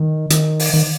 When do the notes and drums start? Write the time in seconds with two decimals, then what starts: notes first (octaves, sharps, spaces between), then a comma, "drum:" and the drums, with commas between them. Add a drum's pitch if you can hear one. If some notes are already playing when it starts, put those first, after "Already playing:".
Already playing: D#3
0.30 D#3, drum: hi-hat
0.60 drum: open hi-hat
0.74 D#3